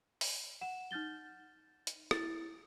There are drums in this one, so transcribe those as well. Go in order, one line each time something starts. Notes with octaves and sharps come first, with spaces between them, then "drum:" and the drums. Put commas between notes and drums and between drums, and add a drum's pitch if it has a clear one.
drum: open hi-hat
F#5 E7
D#4 F6 G6 A6 G7
drum: hi-hat
E4 A6, drum: rim click